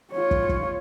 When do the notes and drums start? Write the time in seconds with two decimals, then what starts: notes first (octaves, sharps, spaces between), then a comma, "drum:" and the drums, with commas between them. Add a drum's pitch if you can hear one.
0.13 F4 C#5
0.31 drum: kick
0.49 drum: kick